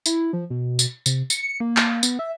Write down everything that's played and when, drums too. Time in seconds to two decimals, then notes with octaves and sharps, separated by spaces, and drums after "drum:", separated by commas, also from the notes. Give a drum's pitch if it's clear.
0.06 E4, drum: tambourine
0.33 F3
0.50 B2
0.79 drum: tambourine
1.06 C3, drum: tambourine
1.30 C#7, drum: tambourine
1.60 A#3
1.77 drum: clap
2.03 B3, drum: tambourine
2.19 E5